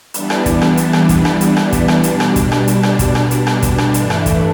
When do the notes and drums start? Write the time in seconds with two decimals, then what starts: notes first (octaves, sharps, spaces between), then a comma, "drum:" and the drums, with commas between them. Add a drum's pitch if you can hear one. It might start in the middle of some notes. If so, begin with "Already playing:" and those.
0.14 E3 G3 B3 D4, drum: hi-hat
0.30 drum: rim click
0.46 drum: kick, hi-hat
0.62 drum: rim click
0.77 drum: hi-hat
0.93 drum: rim click
1.09 drum: kick, hi-hat
1.25 drum: rim click
1.41 drum: hi-hat
1.57 drum: rim click
1.72 drum: kick, hi-hat
1.88 drum: rim click
2.03 B2 G3 D4, drum: hi-hat
2.20 drum: rim click
2.36 drum: kick, hi-hat
2.52 drum: rim click
2.67 drum: hi-hat
2.83 drum: rim click
2.99 drum: kick, hi-hat
3.15 drum: rim click
3.31 drum: hi-hat
3.47 drum: rim click
3.62 drum: kick, hi-hat
3.78 drum: rim click
3.94 G2 E3 A3 D4, drum: hi-hat
4.10 drum: rim click
4.26 drum: kick, hi-hat